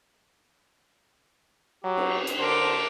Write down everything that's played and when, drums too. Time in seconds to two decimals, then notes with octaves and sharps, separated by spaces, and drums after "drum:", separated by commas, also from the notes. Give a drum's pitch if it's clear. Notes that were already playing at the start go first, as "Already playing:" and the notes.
1.84 F#3 G4
1.97 drum: cymbal
2.27 drum: hi-hat
2.39 D3 A#4 C5 A5 D6